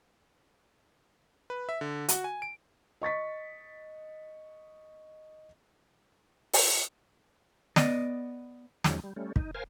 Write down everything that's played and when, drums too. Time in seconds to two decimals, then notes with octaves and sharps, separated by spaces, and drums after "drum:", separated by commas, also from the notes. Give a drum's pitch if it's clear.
1.50 B4
1.69 E5
1.81 D3
2.09 F#4, drum: hi-hat
2.24 G#5
2.42 D7
3.02 D#5 C#6 A6 B6
6.53 drum: open hi-hat
7.76 B3 D5 D#5, drum: snare
8.84 E2 F3 F#3 G#3 C#4 D#4, drum: snare
9.04 G3
9.16 G3 A3 C#4
9.36 D#4, drum: kick
9.55 A#4 C5 F5 G#5